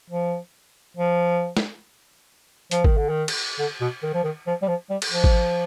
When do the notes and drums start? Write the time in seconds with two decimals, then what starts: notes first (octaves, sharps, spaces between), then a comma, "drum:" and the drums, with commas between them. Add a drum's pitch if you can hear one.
0.10 F3
0.97 F3
1.57 drum: snare
2.71 F3, drum: hi-hat
2.84 D#3, drum: kick G#1
2.97 D3
3.09 D#3
3.28 drum: cymbal
3.59 D3
3.81 B2
4.03 D#3
4.14 F3
4.24 D#3
4.47 F3
4.62 G3
4.68 F3
4.90 G3
5.02 drum: cymbal
5.11 F3
5.24 drum: kick G#1